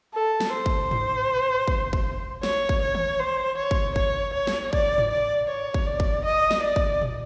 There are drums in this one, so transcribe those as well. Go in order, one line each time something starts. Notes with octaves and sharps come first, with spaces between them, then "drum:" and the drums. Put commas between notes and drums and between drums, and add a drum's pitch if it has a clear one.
A4
drum: snare
C5
drum: kick
drum: tom G#2
drum: kick
drum: kick
C#5, drum: snare
drum: kick
C#5
drum: tom D#3
C5
C#5
drum: kick
C#5, drum: kick
C#5
drum: snare
D5, drum: kick
drum: tom G#2
D5
C#5
drum: kick
D5
drum: kick
D#5
drum: snare
D5
drum: kick
drum: tom A#2